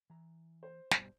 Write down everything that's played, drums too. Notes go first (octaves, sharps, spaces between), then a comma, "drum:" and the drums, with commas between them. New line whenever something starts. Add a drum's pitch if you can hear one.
E3 A#5
C5
G2 B2 G3, drum: snare